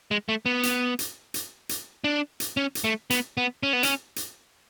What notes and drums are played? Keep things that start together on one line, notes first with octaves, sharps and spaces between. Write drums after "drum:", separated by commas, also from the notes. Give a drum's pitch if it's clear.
G#3
A3
B3
drum: hi-hat
drum: hi-hat
drum: hi-hat
drum: hi-hat
D4
drum: hi-hat
C#4
drum: hi-hat
A3
B3, drum: hi-hat
B3
C#4
B3
C#4, drum: hi-hat
drum: hi-hat